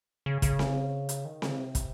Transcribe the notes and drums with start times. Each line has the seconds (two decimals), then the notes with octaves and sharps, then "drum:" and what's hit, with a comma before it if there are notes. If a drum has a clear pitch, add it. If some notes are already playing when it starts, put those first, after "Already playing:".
0.26 C#3
0.42 C#3, drum: kick, hi-hat
0.59 drum: snare C4
1.09 drum: hi-hat
1.25 D#3
1.42 C#3, drum: snare C4
1.58 C3
1.75 drum: kick, hi-hat